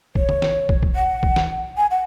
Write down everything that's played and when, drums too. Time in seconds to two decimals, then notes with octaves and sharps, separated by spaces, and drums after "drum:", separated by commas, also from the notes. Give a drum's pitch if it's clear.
0.15 C#5, drum: kick
0.29 drum: tom C#3
0.42 drum: snare
0.69 drum: kick
0.83 drum: kick
0.96 F#5
1.23 drum: kick
1.36 drum: snare
1.77 G#5
1.91 F#5